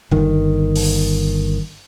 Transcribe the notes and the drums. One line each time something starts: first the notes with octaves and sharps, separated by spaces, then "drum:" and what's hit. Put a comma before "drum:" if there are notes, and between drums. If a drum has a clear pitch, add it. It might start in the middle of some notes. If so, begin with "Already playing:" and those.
G1 D#3, drum: tom G2
drum: open hi-hat